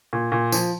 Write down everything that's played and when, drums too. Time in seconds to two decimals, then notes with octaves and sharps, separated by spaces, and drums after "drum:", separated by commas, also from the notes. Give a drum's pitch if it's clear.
0.13 A#2
0.32 A#2
0.52 F3, drum: tambourine